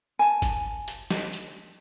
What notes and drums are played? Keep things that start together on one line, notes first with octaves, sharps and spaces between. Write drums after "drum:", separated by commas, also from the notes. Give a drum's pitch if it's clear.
G#5 A5
drum: kick, hi-hat
drum: hi-hat
drum: snare
drum: hi-hat